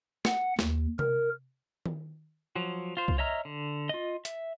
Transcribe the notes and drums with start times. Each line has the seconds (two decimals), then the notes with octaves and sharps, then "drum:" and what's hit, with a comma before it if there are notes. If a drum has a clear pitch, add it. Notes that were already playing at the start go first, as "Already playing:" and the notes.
0.25 F#5, drum: snare
0.59 D#2, drum: snare
0.99 A#4, drum: tom C3
1.86 drum: tom D#3
2.56 F3 F#3
2.97 F4 C5
3.08 drum: kick C2
3.18 C#5 D#5 E5 A#5 F6
3.45 D3
3.89 F4 D#5
4.25 E5, drum: hi-hat